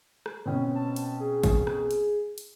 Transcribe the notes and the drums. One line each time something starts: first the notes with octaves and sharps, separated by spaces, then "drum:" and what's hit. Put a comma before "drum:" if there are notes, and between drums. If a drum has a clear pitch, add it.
drum: rim click
B2 D3 C4 C#4
A5
drum: hi-hat
G#4
drum: kick G#1, hi-hat
drum: rim click
drum: hi-hat
drum: hi-hat